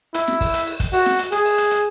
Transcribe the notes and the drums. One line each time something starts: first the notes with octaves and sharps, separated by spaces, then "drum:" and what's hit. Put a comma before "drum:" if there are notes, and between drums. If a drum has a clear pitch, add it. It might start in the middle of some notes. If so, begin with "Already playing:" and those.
E4, drum: hi-hat
drum: snare
drum: kick, open hi-hat
drum: hi-hat
drum: open hi-hat
drum: kick, hi-hat
F#4, drum: open hi-hat
drum: snare
drum: hi-hat
G#4, drum: hi-hat
drum: open hi-hat
drum: hi-hat
drum: hi-hat